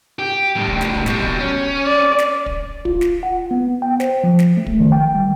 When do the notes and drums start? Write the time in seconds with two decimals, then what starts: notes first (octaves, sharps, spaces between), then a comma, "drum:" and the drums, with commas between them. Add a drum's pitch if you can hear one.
0.19 G4
0.56 A2 G3
0.67 drum: kick
0.81 drum: snare
0.95 drum: kick
1.06 B2 G3, drum: snare
1.22 drum: kick
1.39 C#4
1.85 D5
2.19 drum: snare
2.46 drum: kick
2.85 F4, drum: kick
3.01 drum: snare
3.23 F#5
3.51 B3
3.82 G5
4.00 C5, drum: snare
4.24 F3
4.39 drum: snare
4.57 A3
4.66 drum: kick
4.80 D#3
4.92 G5
5.15 G3